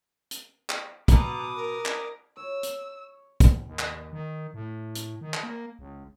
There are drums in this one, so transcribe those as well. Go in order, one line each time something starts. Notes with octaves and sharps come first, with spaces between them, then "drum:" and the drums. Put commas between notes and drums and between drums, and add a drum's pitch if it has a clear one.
drum: hi-hat
drum: clap
B2 B4 A#5 D6 D#6, drum: kick, hi-hat
A#4
drum: clap
C#5 E6
drum: hi-hat
drum: kick, hi-hat
D#2
drum: clap
D#3
A2
drum: hi-hat
D#3
drum: clap
A#3
C#2